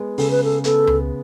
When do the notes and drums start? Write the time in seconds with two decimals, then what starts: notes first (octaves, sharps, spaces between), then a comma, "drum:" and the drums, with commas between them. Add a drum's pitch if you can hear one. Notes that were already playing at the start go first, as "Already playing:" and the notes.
Already playing: G#3 B3
0.18 C#3 A4, drum: open hi-hat
0.31 B4
0.44 A4
0.64 B3 A4, drum: hi-hat
0.87 drum: tom C#2